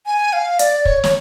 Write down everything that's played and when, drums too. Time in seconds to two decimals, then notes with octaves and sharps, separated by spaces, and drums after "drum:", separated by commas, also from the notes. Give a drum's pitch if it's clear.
0.06 G#5
0.33 F5
0.59 D5, drum: hi-hat
0.85 C#5, drum: kick
1.04 C#5, drum: snare